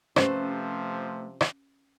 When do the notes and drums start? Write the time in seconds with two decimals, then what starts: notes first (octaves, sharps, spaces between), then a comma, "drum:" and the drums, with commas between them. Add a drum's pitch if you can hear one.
0.16 C3 F3 A3 C#4 G4 B4 C5, drum: rim click
1.41 drum: rim click